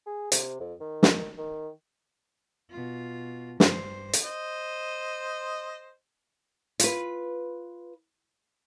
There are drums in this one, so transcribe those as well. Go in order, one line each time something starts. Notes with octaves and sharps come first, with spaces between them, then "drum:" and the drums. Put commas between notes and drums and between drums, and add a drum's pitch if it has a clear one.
G#4
C3, drum: hi-hat
F2
D#3
drum: snare
D#3
B2 F4
G2 C5, drum: snare
drum: hi-hat
C5 D#5
F4 B4, drum: hi-hat